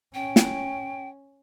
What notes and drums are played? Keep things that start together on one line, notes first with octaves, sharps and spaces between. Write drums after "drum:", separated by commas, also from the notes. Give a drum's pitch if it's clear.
C#4 G5
drum: snare